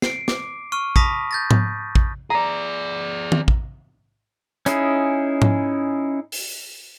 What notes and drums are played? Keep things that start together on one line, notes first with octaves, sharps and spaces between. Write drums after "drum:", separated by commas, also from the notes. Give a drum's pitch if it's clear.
C7 D7, drum: snare
D6, drum: snare
C#6 F6 D#7
A5 B5 C#6 D#6 A#6 B6, drum: kick
G6 A6 A#6
drum: tom G#2
drum: kick
G#4 D5 A#5
drum: tom
drum: kick
C#4 D#4 E4 G#4, drum: hi-hat
drum: tom G#2
drum: open hi-hat